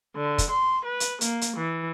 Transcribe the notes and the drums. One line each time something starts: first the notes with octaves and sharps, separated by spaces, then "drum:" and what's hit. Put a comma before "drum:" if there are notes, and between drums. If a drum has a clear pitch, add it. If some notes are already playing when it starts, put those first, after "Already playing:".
D3
drum: kick, hi-hat
C6
B4
drum: hi-hat
A#3, drum: hi-hat
drum: hi-hat
E3